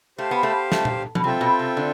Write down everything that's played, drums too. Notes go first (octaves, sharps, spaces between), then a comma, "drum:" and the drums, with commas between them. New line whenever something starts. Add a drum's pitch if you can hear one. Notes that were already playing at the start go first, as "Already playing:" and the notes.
A3 G4 C5 F5
B3
A3
A3, drum: snare
drum: tom A#2
B2, drum: tom F3
C3 C4 F4 A4 E5 G5
B2
C3
D3